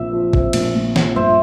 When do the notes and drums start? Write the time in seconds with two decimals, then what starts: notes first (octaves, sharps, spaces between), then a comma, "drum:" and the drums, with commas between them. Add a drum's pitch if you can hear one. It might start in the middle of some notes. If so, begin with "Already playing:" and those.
Already playing: A#1 A#2 C4 E5
0.13 F3
0.33 C4, drum: kick G#1
0.53 A#1, drum: cymbal
0.75 A#2
0.96 F3, drum: snare
1.16 G1 C5 E5